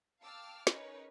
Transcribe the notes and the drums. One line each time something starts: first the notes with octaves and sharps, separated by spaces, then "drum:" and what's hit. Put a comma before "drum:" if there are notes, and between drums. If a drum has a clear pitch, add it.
F5 G5 A5 D6 E6 F6
C#4 D#4 G#4 A#4 B4 C#5, drum: snare